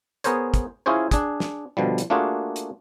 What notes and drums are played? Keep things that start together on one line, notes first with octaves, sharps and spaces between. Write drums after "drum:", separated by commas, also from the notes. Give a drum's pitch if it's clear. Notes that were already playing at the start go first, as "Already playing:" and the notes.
B3 G#4 A#4 C5 C#5, drum: hi-hat
drum: kick, hi-hat
C#4 E4 F4 G#4 C5 C#5
D4 G#4, drum: kick, hi-hat
drum: snare
B2 D3 F3 G3
drum: hi-hat
A3 A#3 D4 F4 F#4 G#4
drum: hi-hat